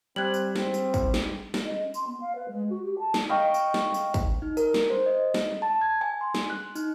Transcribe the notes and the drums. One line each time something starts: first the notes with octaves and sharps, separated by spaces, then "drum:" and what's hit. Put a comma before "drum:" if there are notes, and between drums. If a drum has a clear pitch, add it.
G3 C4 F#6 G#6 F#7
drum: tambourine
C4, drum: snare
drum: tambourine
drum: kick, tambourine
drum: snare
drum: snare
D#5
C#4
C6, drum: tambourine
B3
F5
B4
G#3
F#4
G4
A5
drum: snare
D#5 F5 G5 C#6
drum: tambourine
drum: snare
drum: tambourine
drum: kick, tambourine
D#4
A#4, drum: tambourine
drum: snare
C5
D#5
drum: snare
A5
G#6
G#5
C6
drum: snare
F#6
D#4, drum: tambourine